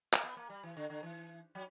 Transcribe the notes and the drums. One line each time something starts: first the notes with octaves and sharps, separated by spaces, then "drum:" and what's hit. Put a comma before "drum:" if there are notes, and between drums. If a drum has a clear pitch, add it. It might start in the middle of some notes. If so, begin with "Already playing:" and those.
A#3, drum: clap
B3
A#3
G3
E3
D3
D3
E3
F#3